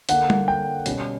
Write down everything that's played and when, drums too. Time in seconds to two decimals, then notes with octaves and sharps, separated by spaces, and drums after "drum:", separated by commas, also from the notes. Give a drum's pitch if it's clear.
0.09 D3 A#3 D4 F#5, drum: hi-hat
0.30 drum: tom G3
0.48 G5
0.86 B2 G3 C#4, drum: hi-hat